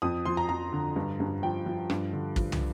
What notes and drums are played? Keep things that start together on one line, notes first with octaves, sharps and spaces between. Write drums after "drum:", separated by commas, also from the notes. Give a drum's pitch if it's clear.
F2 D#6
F3 C6
A#5
F2 A#5
D3
G2
G2
F3 G5
F3
G2, drum: rim click
D3
F3, drum: kick
drum: tom